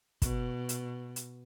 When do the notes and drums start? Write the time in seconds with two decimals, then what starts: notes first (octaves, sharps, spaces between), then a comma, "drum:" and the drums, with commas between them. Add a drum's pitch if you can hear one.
0.22 B2, drum: kick, hi-hat
0.69 drum: hi-hat
1.16 drum: hi-hat